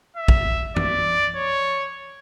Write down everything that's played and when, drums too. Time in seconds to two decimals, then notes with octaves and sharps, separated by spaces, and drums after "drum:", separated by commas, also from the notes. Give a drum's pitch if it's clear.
0.17 E5
0.28 drum: kick A#1
0.76 D5, drum: tom F#2
1.36 C#5